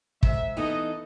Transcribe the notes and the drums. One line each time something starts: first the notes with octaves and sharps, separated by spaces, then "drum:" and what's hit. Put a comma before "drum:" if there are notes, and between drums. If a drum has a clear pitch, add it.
G#2 E5, drum: kick
E3 B3 D#4 A4 D#5